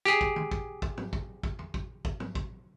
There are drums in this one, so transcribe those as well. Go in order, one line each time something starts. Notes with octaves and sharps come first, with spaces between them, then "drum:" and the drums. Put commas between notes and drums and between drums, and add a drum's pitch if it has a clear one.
G4 G#4
drum: kick
drum: tom
drum: kick
drum: kick
drum: tom
drum: kick
drum: kick
drum: tom
drum: kick
drum: kick
drum: tom
drum: kick